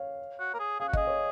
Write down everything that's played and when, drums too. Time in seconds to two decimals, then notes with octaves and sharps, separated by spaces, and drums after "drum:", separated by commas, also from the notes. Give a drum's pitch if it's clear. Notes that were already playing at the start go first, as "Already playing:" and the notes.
Already playing: C#5 F5
0.40 F#4
0.54 A#4
0.60 G#4
0.80 G#4 F5
0.88 F#4
0.93 G#4 D#5, drum: kick
1.07 C#5